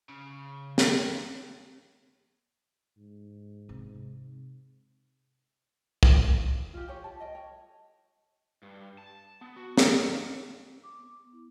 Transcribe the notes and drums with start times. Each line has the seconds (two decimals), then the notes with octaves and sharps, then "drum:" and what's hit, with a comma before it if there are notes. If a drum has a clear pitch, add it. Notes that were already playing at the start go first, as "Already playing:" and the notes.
0.09 C#3
0.78 drum: snare
2.97 G#2
3.69 C3
6.03 drum: kick
6.73 F4 G4
6.88 G4 G#4 C#5
7.04 A5
7.20 D#5 G5
7.35 C#5
8.63 G2
8.98 A5
9.41 B3
9.56 F#4
9.78 D#4, drum: snare
9.98 A#4
10.84 D6
10.99 B3
11.33 E4